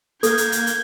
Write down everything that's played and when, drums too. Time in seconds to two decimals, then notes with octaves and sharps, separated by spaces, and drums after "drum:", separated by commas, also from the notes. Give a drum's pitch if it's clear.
0.23 A#3 A4 G6 G#6, drum: hi-hat
0.38 drum: hi-hat
0.52 drum: hi-hat
0.67 drum: hi-hat